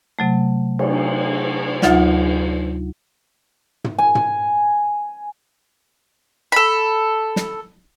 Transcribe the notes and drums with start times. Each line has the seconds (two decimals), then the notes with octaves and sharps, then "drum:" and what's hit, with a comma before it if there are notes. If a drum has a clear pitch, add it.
0.19 C3 F#3 A3
0.79 drum: cymbal
1.82 D2 F#3 D#4 F4 E5 F#5, drum: snare
3.84 drum: tom
3.98 G#5
4.15 drum: tom
6.52 A4 B5
7.36 drum: snare